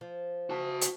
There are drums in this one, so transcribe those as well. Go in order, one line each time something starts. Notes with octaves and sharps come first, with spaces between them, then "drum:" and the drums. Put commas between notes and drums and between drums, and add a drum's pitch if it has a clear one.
F3
F#4 A5
drum: hi-hat